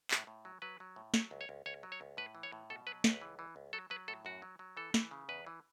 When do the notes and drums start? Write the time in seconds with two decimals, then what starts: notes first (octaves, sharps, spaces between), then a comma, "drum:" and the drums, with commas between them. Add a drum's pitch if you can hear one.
0.11 A2, drum: clap
0.27 A2
0.45 F#3
0.62 F#3 B4
0.80 F#3
0.96 A2
1.14 F#3 C#5, drum: snare
1.31 C#2
1.41 C#5
1.49 C#2
1.66 C#2 C#5
1.83 F#3
1.92 C#5
2.01 C#2
2.17 A2 B4
2.35 E3
2.43 C#5
2.52 A2
2.70 B2 A4
2.87 F#3 B4
3.04 C#2 B4, drum: snare
3.21 E3
3.39 E3
3.56 C#2
3.73 F#3 A4
3.90 F#3 B4
4.08 A2 A4
4.25 F#2 F#4
4.42 F#3
4.59 F#3
4.77 E3 A4
4.94 E3, drum: snare
5.11 C#3
5.29 E2 B4
5.47 E3